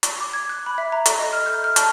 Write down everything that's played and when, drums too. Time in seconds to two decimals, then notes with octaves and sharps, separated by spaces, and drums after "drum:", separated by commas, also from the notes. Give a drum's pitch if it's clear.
0.03 drum: hi-hat
0.21 D6
0.33 G#6
0.49 F#6
0.66 B5
0.78 E5
0.92 A#5
1.06 A4, drum: hi-hat
1.19 D#5
1.33 F6
1.46 G6
1.64 F6
1.76 A5, drum: hi-hat